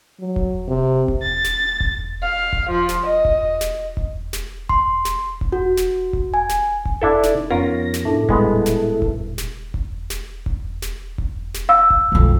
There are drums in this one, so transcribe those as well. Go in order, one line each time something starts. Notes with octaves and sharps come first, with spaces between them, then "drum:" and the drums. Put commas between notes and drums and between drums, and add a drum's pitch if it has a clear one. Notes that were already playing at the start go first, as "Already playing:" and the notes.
F#3
drum: kick E1
C3
drum: kick E1
A6
drum: snare
drum: kick E1
F5
drum: kick E1
F3
drum: snare
D#5
drum: kick E1
drum: snare
drum: kick E1
drum: snare
C6, drum: kick E1
drum: snare
drum: kick E1
F#4
drum: snare
drum: kick E1
G#5
drum: snare
drum: kick E1
D4 E4 A4
D#4, drum: snare
F2 B3 C#4 F4 A#4 A#6
drum: snare
A2 D4 E4 A4
A#2 G3 G#3 B3, drum: kick E1
drum: snare
drum: kick E1
drum: snare
drum: kick E1
drum: snare
drum: kick E1
drum: snare
drum: kick E1
drum: snare
F5 E6
drum: kick E1
B1 F2